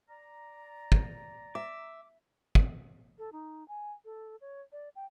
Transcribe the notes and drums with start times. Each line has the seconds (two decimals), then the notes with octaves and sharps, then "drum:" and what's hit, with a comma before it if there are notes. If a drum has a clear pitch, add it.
0.09 D5 A#5
0.92 drum: kick
1.55 E5 D6
2.55 drum: kick
3.18 A4
3.32 D#4
3.68 G#5
4.05 A4
4.41 C#5
4.72 D5
4.96 G5